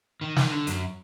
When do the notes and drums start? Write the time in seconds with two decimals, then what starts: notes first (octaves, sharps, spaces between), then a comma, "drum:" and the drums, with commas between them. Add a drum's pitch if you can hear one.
0.21 D#3
0.36 D#3, drum: snare
0.51 D3
0.67 F#2, drum: hi-hat